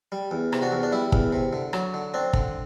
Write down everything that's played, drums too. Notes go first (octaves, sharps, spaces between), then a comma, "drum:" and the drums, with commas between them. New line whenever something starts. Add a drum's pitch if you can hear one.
G3
E2
C3, drum: rim click
D4 F#4
E2
D4
G3 E4
E2, drum: kick
C3
D3
F#3, drum: rim click
D3
C4 D4
D3, drum: kick